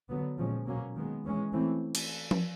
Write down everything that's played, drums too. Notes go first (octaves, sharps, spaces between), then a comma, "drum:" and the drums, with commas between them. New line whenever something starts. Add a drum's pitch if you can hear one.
D3 F#3 B3
A#2 F3 G#3 C#4
B2 F#3 A#3 C#4
D#3 G#3 B3
E3 G#3 C#4
E3 A3 C4
drum: cymbal
drum: tom F3